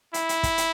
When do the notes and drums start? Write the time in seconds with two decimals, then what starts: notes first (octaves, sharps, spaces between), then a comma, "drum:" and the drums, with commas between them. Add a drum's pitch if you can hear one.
0.14 E4, drum: hi-hat
0.29 drum: hi-hat
0.43 drum: kick, hi-hat
0.58 drum: hi-hat